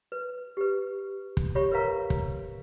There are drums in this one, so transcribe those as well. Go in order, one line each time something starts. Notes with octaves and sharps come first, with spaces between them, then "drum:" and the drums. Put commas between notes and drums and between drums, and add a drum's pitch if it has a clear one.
B4
G4 B4
drum: kick
G4 C#5 E5 B5 C#6
A#4 B4 C#5 E5 F5 A#5
drum: kick